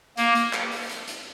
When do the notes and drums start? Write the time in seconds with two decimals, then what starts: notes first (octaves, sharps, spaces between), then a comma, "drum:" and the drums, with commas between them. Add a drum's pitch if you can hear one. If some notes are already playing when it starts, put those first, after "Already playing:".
0.17 A#3, drum: hi-hat
0.35 drum: hi-hat
0.53 drum: clap
0.71 drum: open hi-hat
0.89 drum: hi-hat
1.08 drum: hi-hat